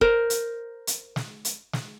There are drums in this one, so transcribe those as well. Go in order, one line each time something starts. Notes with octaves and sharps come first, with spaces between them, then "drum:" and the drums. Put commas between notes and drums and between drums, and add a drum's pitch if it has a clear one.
A#4 C5, drum: kick
drum: hi-hat
drum: hi-hat
drum: snare
drum: hi-hat
drum: snare